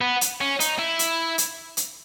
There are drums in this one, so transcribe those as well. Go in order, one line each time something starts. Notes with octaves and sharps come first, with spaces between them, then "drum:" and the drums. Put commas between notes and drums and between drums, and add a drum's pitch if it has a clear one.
B3
drum: hi-hat
C#4
D#4, drum: hi-hat
E4
drum: hi-hat
drum: hi-hat
drum: hi-hat